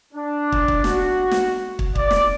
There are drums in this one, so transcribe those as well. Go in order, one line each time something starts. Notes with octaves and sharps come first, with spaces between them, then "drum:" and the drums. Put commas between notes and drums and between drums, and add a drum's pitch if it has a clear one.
D4
drum: kick
drum: kick
F#4, drum: snare
drum: snare
drum: kick
D5, drum: kick
drum: snare